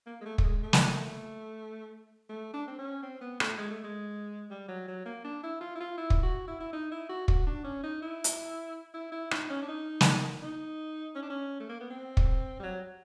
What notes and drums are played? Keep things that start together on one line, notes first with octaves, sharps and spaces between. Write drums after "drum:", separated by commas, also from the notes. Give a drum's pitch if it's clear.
A#3
G#3
A3
A3, drum: kick
G#3
A3
drum: snare
A3
D4
C4
C#4
C4
B3
A3, drum: rim click
G#3
A3
G#3
G3
F#3
F#3
A#3
D4
E4
F4
E4
F4
E4
drum: kick
F#4
E4
E4
D#4
E4
F#4
F#4, drum: kick
D4
C#4
D#4
E4
drum: hi-hat
E4
E4
D#4, drum: rim click
C#4
D4
D#4
drum: snare
D#4
C#4
D4
C#4
A3
A#3
B3
C4
drum: kick
G3
F#3